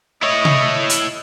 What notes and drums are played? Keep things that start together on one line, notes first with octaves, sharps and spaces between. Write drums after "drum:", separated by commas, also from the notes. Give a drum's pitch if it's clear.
E4 C#5 D#5
drum: tom C3
drum: hi-hat